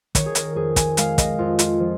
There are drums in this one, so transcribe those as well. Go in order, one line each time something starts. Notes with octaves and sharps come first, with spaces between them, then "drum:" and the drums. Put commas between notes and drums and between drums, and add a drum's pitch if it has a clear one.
D#3 C#5, drum: kick, hi-hat
G#4
A#4, drum: hi-hat
F2 G#4
G#5, drum: kick, hi-hat
G#3 F5, drum: hi-hat
D#5, drum: kick, hi-hat
F2 F4
F4, drum: hi-hat
F3